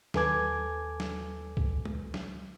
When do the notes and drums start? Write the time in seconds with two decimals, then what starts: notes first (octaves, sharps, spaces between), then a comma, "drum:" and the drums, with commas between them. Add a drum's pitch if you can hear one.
0.14 D#2 A4 B4 G#5 D6 G#6, drum: snare
1.00 drum: snare
1.57 drum: kick C2
1.85 drum: tom G#3
2.14 drum: snare